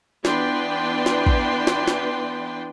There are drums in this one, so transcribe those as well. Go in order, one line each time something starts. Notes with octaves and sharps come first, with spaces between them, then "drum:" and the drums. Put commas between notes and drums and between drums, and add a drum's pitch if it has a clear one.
E3 B3 D4 B4 G5 C6, drum: snare
drum: snare
drum: kick A1
drum: snare
drum: snare